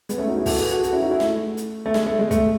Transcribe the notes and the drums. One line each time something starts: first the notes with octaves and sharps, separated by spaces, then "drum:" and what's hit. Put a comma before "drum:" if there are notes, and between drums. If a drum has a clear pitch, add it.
G#3 B3, drum: hi-hat
A3 C#4
D#4 F#4
E4 G#4
F#4 A4, drum: kick, open hi-hat
G#4 B4
F#4 A4
G#4
F#4 A4, drum: hi-hat
C#4 E4
D#4 F#4
E4 G#4
A3, drum: snare
drum: hi-hat
A3
G#3, drum: snare
A3
G#3
A3, drum: kick, hi-hat